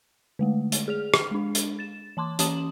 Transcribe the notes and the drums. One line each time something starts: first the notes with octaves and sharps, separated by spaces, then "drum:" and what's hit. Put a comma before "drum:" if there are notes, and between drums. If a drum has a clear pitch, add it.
D3 G#3 A3
drum: hi-hat
G#4 F6 F7
drum: rim click
G#3 D4
drum: hi-hat
A6 E7
E3 A5 C6 D6
E3 C#4 A5 D#6 E7 F#7, drum: hi-hat